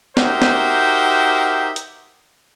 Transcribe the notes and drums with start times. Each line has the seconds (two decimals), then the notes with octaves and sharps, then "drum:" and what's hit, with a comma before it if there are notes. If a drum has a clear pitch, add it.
0.17 D#4 F#4 G4 A#4 C5 E5, drum: snare
0.42 drum: snare
1.76 drum: hi-hat